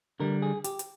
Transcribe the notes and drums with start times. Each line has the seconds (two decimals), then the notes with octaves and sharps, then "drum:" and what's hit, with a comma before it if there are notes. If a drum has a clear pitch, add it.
0.20 D3 G3 A#4
0.42 G#4
0.64 G4, drum: hi-hat
0.79 drum: hi-hat